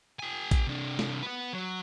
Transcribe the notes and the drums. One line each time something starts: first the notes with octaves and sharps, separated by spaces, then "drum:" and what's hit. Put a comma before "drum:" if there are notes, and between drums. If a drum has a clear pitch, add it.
G4 G#5
drum: kick A1, hi-hat
C3 D4
drum: snare
B3 B4
F#3